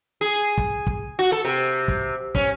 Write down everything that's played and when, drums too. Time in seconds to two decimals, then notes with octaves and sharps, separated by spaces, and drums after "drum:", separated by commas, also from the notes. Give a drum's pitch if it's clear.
0.21 G#4
0.58 drum: kick
0.87 drum: kick
1.19 F#4
1.32 A4
1.45 C3
1.88 drum: kick
2.35 C#4, drum: kick